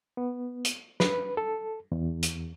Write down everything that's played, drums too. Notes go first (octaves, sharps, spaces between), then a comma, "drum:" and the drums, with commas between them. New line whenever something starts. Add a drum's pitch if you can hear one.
B3
drum: hi-hat
B4, drum: snare
A4
E2
drum: hi-hat